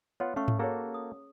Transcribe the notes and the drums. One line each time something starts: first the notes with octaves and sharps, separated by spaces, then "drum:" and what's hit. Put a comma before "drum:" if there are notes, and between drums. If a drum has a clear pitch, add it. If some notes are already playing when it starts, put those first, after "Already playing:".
B3 F4 C#5 F#5
A3 C#4 F5 C#6
drum: tom G#2
A#3 F#4 G#4 A4 C#5
D#6